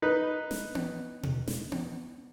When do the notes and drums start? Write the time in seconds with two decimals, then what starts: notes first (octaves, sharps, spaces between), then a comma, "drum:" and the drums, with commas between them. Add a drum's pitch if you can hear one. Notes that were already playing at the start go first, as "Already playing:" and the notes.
0.02 D#4 B4
0.51 drum: snare
0.75 drum: tom B3
1.23 drum: tom B2
1.48 drum: snare
1.72 drum: tom B3